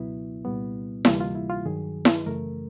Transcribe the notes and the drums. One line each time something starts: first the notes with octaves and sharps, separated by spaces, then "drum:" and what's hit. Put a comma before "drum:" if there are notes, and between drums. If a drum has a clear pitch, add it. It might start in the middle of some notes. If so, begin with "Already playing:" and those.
Already playing: C#2 B2 F#3 B3 E4
C2 A#2 G3 B3
D2 C3 E3 G3 A#3 F4, drum: snare E4
F4
E4
F4
G2 D#3 F#3 G#4
drum: snare E4
F#2 C#3 E3 A3 A#4